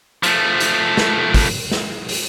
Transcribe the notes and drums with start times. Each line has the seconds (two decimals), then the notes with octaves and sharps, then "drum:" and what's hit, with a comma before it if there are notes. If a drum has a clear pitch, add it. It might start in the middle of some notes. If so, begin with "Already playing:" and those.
0.23 F3 A3, drum: hi-hat
0.60 drum: hi-hat
0.97 drum: snare
1.34 drum: kick, open hi-hat
1.71 drum: snare
2.09 drum: open hi-hat